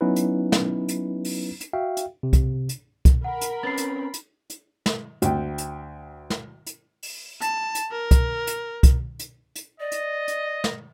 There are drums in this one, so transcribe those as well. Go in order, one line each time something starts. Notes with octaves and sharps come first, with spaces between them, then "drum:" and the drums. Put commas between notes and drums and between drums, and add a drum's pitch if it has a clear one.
F#3 B3 C#4 D#4 E4 B4
drum: hi-hat
drum: snare
drum: hi-hat
drum: open hi-hat
drum: hi-hat
F#4 E5 F5 G5
drum: hi-hat
C3
drum: kick C2, hi-hat
drum: hi-hat
drum: kick C2, hi-hat
A#4 F#5 B5
drum: hi-hat
C4 C#4 B4 A6 C7
drum: hi-hat
drum: hi-hat
drum: hi-hat
drum: snare
D2 G5, drum: hi-hat
drum: hi-hat
drum: snare
drum: hi-hat
drum: open hi-hat
A5, drum: hi-hat
drum: hi-hat
A#4
drum: kick C2, hi-hat
drum: hi-hat
drum: kick C2, hi-hat
drum: hi-hat
drum: hi-hat
D5 D#5
drum: hi-hat
drum: hi-hat
drum: snare